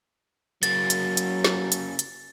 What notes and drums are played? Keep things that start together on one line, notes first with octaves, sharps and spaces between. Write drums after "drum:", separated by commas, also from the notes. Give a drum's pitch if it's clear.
C#3 F#3 A#3 A6, drum: hi-hat
drum: hi-hat
drum: hi-hat
drum: snare
drum: hi-hat
drum: hi-hat